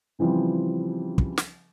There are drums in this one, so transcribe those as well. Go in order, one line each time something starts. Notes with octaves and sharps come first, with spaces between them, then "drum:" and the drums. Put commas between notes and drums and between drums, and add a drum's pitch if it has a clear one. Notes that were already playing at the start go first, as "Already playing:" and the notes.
C#3 E3 F3 G3 C4
drum: kick
drum: snare